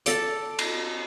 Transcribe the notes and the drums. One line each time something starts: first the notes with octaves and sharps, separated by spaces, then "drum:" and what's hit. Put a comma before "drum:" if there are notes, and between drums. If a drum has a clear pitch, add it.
A4 D5, drum: hi-hat
drum: cymbal